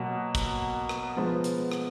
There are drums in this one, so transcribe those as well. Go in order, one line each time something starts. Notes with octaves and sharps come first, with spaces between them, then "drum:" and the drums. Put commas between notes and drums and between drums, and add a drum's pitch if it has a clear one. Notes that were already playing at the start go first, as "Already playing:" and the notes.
Already playing: B2 F#3 A#3
drum: kick, hi-hat
drum: rim click
F3 G#3 B3
drum: hi-hat
drum: rim click